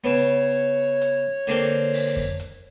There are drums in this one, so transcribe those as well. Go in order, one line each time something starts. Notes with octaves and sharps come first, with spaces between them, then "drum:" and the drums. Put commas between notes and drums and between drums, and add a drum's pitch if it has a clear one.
C#3 B3 C#5
drum: hi-hat
D3 A#3 C4
drum: open hi-hat
drum: kick F2
drum: hi-hat